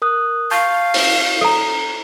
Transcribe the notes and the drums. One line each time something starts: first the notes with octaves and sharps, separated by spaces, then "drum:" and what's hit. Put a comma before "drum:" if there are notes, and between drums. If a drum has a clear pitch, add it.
A#4 D#6 F#6
F5 A5 C#6 G6
drum: open hi-hat
A4 A#5